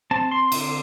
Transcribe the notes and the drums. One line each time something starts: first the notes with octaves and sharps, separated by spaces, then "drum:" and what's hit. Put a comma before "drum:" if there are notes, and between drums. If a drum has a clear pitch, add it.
C4 A5
C6
D3, drum: cymbal